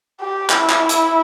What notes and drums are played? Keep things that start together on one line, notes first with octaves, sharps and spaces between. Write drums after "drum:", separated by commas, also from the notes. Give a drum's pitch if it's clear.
G4
E4, drum: clap
drum: clap
drum: hi-hat